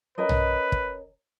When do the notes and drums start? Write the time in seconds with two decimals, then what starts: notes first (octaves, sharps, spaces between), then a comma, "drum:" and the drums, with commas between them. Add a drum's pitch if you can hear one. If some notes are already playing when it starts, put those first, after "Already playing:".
0.18 C#4 A#4 B4 D#5
0.29 drum: tom
0.72 drum: kick